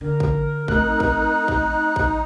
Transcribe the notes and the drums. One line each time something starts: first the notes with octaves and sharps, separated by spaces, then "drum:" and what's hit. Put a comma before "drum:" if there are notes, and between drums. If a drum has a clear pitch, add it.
D3 A#4
drum: kick
A3 C4 D#4 F#6, drum: kick
drum: kick
drum: kick
drum: kick